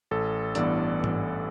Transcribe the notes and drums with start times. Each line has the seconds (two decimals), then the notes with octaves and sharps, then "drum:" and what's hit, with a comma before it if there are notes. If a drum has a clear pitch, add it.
0.11 A1 A4
0.55 G2 E3 B3 D5, drum: hi-hat
1.04 drum: tom G#2